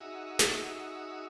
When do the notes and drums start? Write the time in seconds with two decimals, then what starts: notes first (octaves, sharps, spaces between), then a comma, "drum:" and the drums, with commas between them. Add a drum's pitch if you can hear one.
0.01 D#4 F#4 G#4 E5
0.39 drum: snare